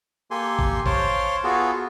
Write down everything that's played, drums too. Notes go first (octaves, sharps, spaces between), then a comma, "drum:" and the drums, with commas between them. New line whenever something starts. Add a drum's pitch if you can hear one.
A#3 G4 A4 G#5 C6
drum: kick G#1
C5 C#5 F5 A5 C6 D6, drum: kick G#1
B3 F4 F#4 G#4 A4